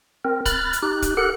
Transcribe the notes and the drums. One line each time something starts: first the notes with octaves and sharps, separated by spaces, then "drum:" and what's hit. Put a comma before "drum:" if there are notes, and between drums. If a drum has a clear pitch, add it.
C4 A#4
B5 F6 F#6 A6, drum: kick, hi-hat
drum: hi-hat
D#4 G4 F#6
drum: kick, hi-hat
G4 A4 A#4 F#5 F#6